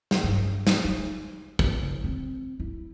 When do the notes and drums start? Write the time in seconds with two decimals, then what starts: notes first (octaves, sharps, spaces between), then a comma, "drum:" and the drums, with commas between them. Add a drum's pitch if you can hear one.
0.11 drum: snare
0.23 G2
0.67 drum: snare
0.85 D#4
1.59 drum: kick
1.78 F#1
2.04 C4
2.60 E4